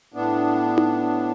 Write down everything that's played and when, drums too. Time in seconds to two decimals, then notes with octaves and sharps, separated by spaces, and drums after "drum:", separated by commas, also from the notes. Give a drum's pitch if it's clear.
0.14 A2 B3 D4
0.78 drum: tom D#4